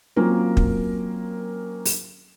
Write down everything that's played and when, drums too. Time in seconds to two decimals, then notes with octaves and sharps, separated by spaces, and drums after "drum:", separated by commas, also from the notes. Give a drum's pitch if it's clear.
0.16 F#3 A#3 C4 C#4 F4 A#4
0.57 drum: kick
1.85 drum: open hi-hat